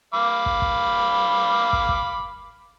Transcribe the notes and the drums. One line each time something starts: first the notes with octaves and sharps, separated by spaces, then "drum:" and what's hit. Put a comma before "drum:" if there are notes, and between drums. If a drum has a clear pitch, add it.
F5 B5 D6
drum: kick
drum: kick
drum: kick
drum: kick